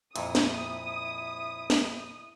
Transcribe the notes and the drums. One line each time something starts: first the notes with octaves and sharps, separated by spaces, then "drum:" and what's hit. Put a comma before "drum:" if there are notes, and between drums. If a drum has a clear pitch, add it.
F2 A#2 E4 D#6, drum: hi-hat
drum: snare
drum: snare